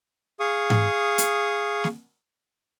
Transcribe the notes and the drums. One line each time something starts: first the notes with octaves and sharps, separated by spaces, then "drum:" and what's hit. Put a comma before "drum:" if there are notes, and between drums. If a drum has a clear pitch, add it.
G#4 F5 C#6 D#6
drum: tom G#2
drum: hi-hat
drum: snare